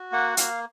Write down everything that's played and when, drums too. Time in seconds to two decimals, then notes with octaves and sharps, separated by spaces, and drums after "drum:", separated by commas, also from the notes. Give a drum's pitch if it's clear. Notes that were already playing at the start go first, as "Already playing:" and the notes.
Already playing: F#4
0.12 A#3 F#5
0.37 A#3 F5, drum: hi-hat